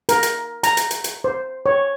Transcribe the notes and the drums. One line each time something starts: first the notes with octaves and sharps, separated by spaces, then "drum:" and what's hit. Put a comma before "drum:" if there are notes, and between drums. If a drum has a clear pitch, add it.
A#4, drum: hi-hat
drum: hi-hat
A#5, drum: hi-hat
drum: hi-hat
drum: hi-hat
drum: hi-hat
C5
C#5